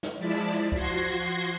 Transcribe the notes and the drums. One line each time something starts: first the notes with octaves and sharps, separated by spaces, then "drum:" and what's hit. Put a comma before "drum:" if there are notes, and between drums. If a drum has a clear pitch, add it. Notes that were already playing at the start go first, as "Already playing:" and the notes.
drum: snare
F3 G#3 E4 D5 A5 B6
F3 F#4 C6 G#6 A#6 C7, drum: kick